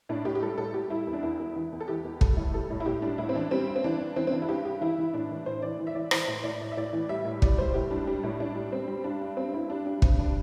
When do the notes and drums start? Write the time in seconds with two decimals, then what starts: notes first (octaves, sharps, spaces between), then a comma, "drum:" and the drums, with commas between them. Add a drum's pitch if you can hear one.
0.09 A2 D4
0.25 A2 G4
0.35 G4
0.42 G3 A4
0.58 A2 A4
0.74 G3 G4
0.90 G3 E4
1.07 E2
1.13 D4
1.23 E2 E4
1.40 E2
1.56 E3
1.72 E2
1.80 A4
1.88 E3 G4
2.04 E2
2.21 G3 A4, drum: kick
2.37 A2
2.53 G3 A4
2.70 A2
2.80 E4
2.86 A2 G4
3.02 G3 D4
3.18 A2 E4
3.29 C4
3.34 E3 D4
3.51 G3 C4
3.68 G2
3.76 C4
3.84 E3 D4
3.99 G2
4.16 E3 C4
4.27 C4
4.32 E3 D4
4.42 E4
4.49 G2 G4
4.65 G2 G4
4.81 E3 E4
4.98 E3
5.14 A2 D4
5.31 E3
5.46 A2 C5
5.62 E3 D5
5.79 E3
5.87 E5
5.95 E3 D5
6.11 E3 C5, drum: rim click
6.28 A2
6.44 A2 D5
6.61 A2
6.72 E5
6.77 A2 D5
6.93 E3
7.09 G3 E5
7.25 A2
7.42 G3 D5, drum: kick
7.58 G3 C5
7.74 A2 G4
7.91 G3 D4
8.07 G3 D4
8.24 A2
8.40 A2 D4
8.55 G3
8.72 G3 C4
8.88 G3
9.04 G2 D4
9.21 G2
9.37 G3 C4
9.54 G2 E4
9.70 G3 D4
9.86 G3 D4
10.02 G2 C4, drum: kick
10.18 G3 D4